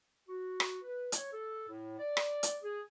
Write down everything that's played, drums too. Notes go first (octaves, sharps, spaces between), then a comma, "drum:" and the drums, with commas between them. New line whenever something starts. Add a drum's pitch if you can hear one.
F#4
drum: rim click
B4
C#5, drum: hi-hat
A4
A2
D5
drum: rim click
drum: hi-hat
G#4